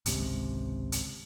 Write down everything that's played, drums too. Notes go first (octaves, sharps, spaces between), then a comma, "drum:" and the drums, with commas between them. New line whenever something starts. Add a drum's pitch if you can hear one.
G#1 C#2 C3 G#3, drum: hi-hat
drum: hi-hat